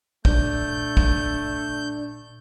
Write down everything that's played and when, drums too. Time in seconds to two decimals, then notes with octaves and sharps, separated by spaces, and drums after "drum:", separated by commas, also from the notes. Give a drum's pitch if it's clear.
0.25 A#2 A3 D4 G6, drum: kick
0.97 drum: kick